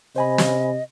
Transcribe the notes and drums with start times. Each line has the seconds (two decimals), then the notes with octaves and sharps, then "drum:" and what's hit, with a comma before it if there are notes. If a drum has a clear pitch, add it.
0.16 C3 C5 D#5 G#5 B5
0.38 drum: snare